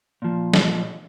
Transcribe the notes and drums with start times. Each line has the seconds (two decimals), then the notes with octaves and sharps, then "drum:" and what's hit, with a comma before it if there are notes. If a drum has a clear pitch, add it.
0.22 A#2 F3
0.54 drum: snare